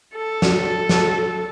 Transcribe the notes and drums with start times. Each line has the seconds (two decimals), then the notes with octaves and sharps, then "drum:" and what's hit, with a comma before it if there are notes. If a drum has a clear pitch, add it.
0.15 A4
0.42 drum: snare
0.89 drum: snare